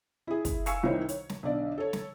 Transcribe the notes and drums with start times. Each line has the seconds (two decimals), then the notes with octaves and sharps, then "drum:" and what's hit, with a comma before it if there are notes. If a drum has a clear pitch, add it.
0.27 E4 G#4
0.45 drum: kick, hi-hat
0.66 F5 G#5 C#6 E6 C#7, drum: hi-hat
0.83 C2 D#3 E4 C5 C#5
1.09 C#5, drum: hi-hat
1.29 drum: snare
1.43 B1 D3 D4 D5
1.78 A4 C#5
1.93 drum: snare